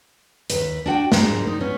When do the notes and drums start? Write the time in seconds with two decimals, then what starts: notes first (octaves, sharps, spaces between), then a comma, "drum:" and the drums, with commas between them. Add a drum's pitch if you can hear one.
0.50 D#2 B2 B4, drum: hi-hat
0.86 D4 F#4 F#5 G5
1.12 G#2 D4 F4 A#4 C5, drum: snare
1.47 D#4
1.60 B3 C#4